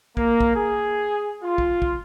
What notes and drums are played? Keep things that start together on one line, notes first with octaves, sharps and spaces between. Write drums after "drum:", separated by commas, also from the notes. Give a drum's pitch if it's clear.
A#3, drum: kick
drum: kick
G#4
F4
drum: kick
drum: kick